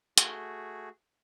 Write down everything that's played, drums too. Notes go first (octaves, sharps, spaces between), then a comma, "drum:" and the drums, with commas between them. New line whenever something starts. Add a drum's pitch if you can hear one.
A3 F#4 G#4, drum: hi-hat